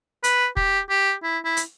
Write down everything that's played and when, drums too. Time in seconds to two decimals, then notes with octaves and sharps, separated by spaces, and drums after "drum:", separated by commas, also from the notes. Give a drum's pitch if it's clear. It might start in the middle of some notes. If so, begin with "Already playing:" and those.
0.24 B4, drum: hi-hat
0.57 G4, drum: kick
0.90 G4
1.23 E4
1.45 E4
1.57 drum: hi-hat